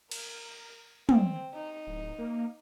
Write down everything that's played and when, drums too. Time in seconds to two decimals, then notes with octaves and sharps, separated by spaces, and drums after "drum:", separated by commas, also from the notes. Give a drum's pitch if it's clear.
0.11 A#4, drum: cymbal
1.09 C4, drum: tom
1.54 D#4
1.87 D1
2.19 A#3